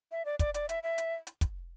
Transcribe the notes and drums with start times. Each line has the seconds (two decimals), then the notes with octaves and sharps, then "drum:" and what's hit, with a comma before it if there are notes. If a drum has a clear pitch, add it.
0.12 E5
0.25 D5
0.39 D5, drum: kick, hi-hat
0.54 D5, drum: hi-hat
0.69 E5, drum: hi-hat
0.83 E5
0.98 drum: hi-hat
1.27 drum: hi-hat
1.41 drum: kick, hi-hat